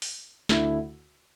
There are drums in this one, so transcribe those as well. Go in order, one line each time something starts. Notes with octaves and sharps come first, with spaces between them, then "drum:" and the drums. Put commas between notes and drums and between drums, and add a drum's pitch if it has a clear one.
drum: open hi-hat
D2 D3 A3 E4, drum: snare